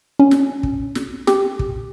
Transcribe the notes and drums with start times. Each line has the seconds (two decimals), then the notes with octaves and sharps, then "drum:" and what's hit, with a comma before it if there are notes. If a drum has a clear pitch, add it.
0.19 C#4
0.31 drum: snare
0.63 drum: kick
0.95 drum: snare
1.27 G4, drum: snare
1.59 drum: kick